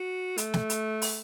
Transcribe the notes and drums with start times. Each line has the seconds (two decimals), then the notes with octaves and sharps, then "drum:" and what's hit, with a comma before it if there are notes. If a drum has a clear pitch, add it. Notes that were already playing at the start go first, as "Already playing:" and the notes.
Already playing: F#4
0.38 A3, drum: hi-hat
0.54 drum: snare
0.70 drum: hi-hat
1.02 drum: open hi-hat